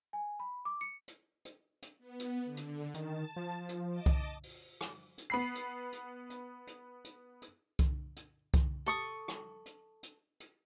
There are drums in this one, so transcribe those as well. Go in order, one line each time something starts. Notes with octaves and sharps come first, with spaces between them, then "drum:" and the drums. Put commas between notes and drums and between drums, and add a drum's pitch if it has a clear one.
G#5
B5
D6
C#7
drum: hi-hat
drum: hi-hat
drum: hi-hat
B3
drum: hi-hat
D3
drum: hi-hat
D#3 A5, drum: hi-hat
F3
drum: hi-hat
D#5 A5 D6
drum: kick C2, hi-hat
drum: open hi-hat
drum: rim click
drum: hi-hat
B3 B5 C7
drum: hi-hat
drum: hi-hat
drum: hi-hat
drum: hi-hat
drum: hi-hat
drum: hi-hat
drum: kick C2, hi-hat
drum: hi-hat
drum: kick C2, hi-hat
A4 C#6 D#6
drum: rim click
drum: hi-hat
drum: hi-hat
drum: hi-hat